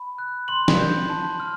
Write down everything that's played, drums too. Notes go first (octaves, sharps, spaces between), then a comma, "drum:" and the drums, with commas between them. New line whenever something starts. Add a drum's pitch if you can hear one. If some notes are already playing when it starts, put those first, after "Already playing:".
Already playing: B5
F#6
C6 F#7
drum: snare
G6
A5
F6